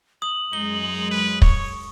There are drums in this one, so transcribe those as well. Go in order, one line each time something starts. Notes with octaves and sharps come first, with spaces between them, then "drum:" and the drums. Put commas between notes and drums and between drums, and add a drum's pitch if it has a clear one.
D#6 F#7
F#2 G#3 D#4 G7
B4
C#5 C#6, drum: kick